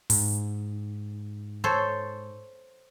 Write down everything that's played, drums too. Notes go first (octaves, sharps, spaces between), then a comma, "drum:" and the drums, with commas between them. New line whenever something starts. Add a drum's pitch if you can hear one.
G#2, drum: open hi-hat
A4 C5 C#5